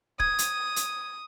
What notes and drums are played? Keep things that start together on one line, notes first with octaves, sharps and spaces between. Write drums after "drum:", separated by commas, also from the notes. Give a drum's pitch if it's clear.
D#6 G#6, drum: kick D1
drum: hi-hat
drum: hi-hat